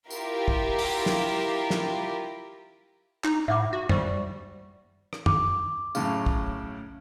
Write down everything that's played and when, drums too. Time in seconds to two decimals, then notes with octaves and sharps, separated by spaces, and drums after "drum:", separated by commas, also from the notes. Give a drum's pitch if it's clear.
0.10 E4 F4 G4 A#4 F5, drum: tambourine
0.48 drum: kick
0.79 drum: open hi-hat
1.06 drum: snare
1.70 drum: snare
3.24 D#4, drum: clap
3.48 A2 E5 F#5 D6
3.73 F#4
3.89 G3 C5 C#6, drum: tom
5.13 drum: rim click
5.26 D6, drum: tom
5.95 F#2 A2 C#3, drum: tambourine
6.26 drum: kick